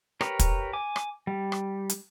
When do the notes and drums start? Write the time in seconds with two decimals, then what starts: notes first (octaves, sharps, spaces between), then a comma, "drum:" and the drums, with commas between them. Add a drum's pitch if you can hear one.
0.21 G4 A#4 B4 C#5, drum: rim click
0.39 drum: kick, hi-hat
0.73 G#5 D6
0.96 drum: rim click
1.27 G3
1.52 drum: rim click
1.89 drum: hi-hat